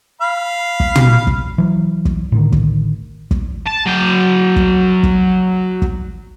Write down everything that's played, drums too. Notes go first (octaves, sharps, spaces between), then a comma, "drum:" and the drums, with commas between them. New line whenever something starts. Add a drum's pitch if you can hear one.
F5 B5
drum: kick
drum: tom
drum: kick
E3 F#3
drum: kick
A2 D3 D#3
drum: kick
drum: kick
A5
F#3 G5
drum: kick
drum: kick
drum: kick